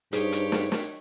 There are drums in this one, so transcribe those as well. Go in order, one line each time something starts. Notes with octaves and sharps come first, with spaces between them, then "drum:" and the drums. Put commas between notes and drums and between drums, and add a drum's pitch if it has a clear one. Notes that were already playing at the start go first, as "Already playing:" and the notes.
G2 D#4 G4 G#4 C5 C#5, drum: hi-hat
drum: hi-hat
drum: snare
drum: snare